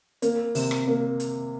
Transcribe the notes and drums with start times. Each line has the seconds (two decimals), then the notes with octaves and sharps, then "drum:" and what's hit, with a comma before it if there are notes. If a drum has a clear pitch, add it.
0.22 A#3, drum: hi-hat
0.55 C3, drum: open hi-hat
0.71 drum: rim click
0.87 A#3
1.20 drum: hi-hat